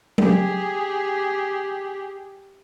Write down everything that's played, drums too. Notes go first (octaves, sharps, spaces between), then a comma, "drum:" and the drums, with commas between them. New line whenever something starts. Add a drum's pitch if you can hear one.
G4 G#4, drum: tom F#3